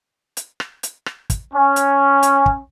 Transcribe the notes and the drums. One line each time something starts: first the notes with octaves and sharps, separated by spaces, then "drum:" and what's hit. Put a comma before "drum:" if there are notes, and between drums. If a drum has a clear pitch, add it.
drum: hi-hat
drum: rim click
drum: hi-hat
drum: rim click
drum: kick, hi-hat
C#4
drum: hi-hat
drum: hi-hat
drum: kick